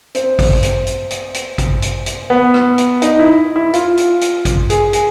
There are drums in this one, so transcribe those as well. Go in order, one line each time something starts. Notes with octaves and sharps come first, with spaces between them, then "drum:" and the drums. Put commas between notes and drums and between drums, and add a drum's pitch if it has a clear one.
C4, drum: hi-hat
drum: kick G#1, open hi-hat
drum: hi-hat
drum: hi-hat
drum: hi-hat
drum: hi-hat
drum: kick G#1, hi-hat
drum: hi-hat
drum: hi-hat
B3
drum: rim click
drum: hi-hat
D#4, drum: hi-hat
E4
E4
F4, drum: hi-hat
drum: hi-hat
drum: hi-hat
drum: kick G#1, hi-hat
G#4, drum: hi-hat
G#4, drum: hi-hat